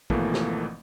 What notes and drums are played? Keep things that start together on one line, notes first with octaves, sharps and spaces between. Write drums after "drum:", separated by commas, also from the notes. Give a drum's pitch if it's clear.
G#1 B2 E3 F3 A3 A#3, drum: kick
drum: snare